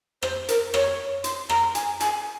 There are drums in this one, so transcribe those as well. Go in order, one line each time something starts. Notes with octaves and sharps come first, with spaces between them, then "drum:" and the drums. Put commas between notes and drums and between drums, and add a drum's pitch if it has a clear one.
C5, drum: rim click
A#4, drum: hi-hat
C#5, drum: rim click
C6, drum: hi-hat
A#5, drum: rim click
G#5, drum: hi-hat
G#5, drum: hi-hat